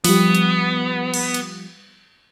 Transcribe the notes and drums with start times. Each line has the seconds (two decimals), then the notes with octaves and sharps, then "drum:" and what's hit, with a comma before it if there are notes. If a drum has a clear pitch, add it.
0.04 F3 G3 B3, drum: open hi-hat
0.35 drum: hi-hat
1.14 drum: cymbal
1.34 drum: hi-hat